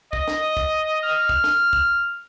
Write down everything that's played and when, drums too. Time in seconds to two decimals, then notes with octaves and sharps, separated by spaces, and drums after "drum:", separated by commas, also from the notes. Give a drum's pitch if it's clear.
0.13 D#5, drum: kick
0.28 drum: snare
0.57 drum: kick
1.03 F6
1.29 drum: kick
1.44 drum: snare
1.73 drum: kick